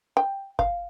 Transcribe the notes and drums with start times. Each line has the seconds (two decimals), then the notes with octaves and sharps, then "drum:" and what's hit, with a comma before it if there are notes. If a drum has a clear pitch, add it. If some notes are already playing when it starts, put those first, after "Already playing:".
0.17 G5
0.59 F5, drum: kick